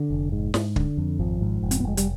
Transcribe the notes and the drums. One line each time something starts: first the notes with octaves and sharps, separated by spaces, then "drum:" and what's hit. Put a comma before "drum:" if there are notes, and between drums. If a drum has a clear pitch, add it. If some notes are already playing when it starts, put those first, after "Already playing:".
Already playing: D3
F1
G#2
G#2, drum: snare
D3, drum: kick
F2
G#1 F3
G#2
F1
C4, drum: hi-hat
B3
F1 G#3
G3, drum: hi-hat